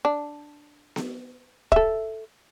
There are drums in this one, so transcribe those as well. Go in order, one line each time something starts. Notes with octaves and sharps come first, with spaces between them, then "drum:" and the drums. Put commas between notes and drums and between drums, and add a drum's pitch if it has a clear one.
D4
drum: snare B3
A4 E5, drum: kick